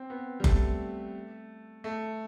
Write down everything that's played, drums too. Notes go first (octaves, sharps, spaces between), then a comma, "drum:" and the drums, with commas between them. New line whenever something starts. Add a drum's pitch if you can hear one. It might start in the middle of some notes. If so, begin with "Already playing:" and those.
Already playing: C4
B3
G3
A3, drum: kick F#1
A3